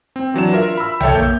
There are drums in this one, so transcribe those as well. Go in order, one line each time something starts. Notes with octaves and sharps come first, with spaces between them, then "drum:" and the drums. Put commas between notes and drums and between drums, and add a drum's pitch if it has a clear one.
C4
E3 F#3 D4 E7
F4 A#4 E5
B5 E6
A4 C#5 E5 G5, drum: tom A#1
G1 A#3 G6